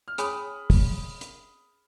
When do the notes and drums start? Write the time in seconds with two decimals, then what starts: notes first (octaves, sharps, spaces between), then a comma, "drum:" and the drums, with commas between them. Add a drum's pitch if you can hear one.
0.08 F6
0.18 C#4 G#4 C#5 G#5 B5 D#6, drum: hi-hat
0.70 drum: kick, open hi-hat
1.21 drum: hi-hat